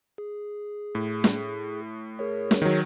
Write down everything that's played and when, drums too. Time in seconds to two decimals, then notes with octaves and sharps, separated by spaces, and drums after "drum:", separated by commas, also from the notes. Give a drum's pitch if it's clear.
0.18 G#4
0.95 A2
1.24 drum: snare
2.19 G#4 A#4 C#5
2.51 drum: snare
2.62 D#3 F#3